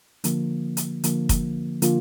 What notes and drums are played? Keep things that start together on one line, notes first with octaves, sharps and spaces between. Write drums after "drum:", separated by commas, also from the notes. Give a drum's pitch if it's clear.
D3 F3 A#3, drum: hi-hat
drum: hi-hat
D3 F3 A#3, drum: hi-hat
drum: kick, hi-hat
D3 F3 A#3 F4, drum: hi-hat